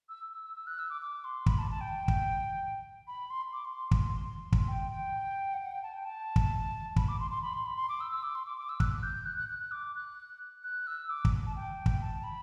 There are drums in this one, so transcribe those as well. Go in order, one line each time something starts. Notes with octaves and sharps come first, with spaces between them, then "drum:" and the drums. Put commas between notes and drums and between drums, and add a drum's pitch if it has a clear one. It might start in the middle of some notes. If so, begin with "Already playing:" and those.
E6
E6
E6
E6
F#6
E6
D6
D6
C6
B5, drum: kick
A5
A5
G5
drum: kick
B5
C6
D6
C6
drum: kick
drum: kick
G5
G5
F#5
G5
F#5
G5
A5
G5
A5
drum: kick
B5, drum: kick
D6
C6
C6
B5
C6
B5
C6
D6
E6
E6
D6
C6
D6
D6
E6
F#6, drum: kick
G6
F#6
F#6
F#6
F#6
D6
F#6
F#6
E6
D6
drum: kick
A5
G5
drum: kick
A5
B5